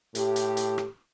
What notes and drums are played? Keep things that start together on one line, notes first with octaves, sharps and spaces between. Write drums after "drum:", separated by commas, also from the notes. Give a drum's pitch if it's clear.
A2 G4, drum: hi-hat
drum: hi-hat
drum: hi-hat
drum: rim click